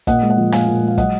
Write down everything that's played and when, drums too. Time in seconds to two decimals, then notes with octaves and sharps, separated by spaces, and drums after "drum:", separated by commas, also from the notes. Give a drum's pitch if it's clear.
0.07 A#2 D#5 F#5, drum: kick, hi-hat
0.22 G#3
0.30 D#5 F#5
0.38 F3
0.52 A#2 F5 G#5, drum: snare
0.67 A#2
0.82 G#3
0.88 F5
0.98 F#3 D#5 F#5, drum: kick, hi-hat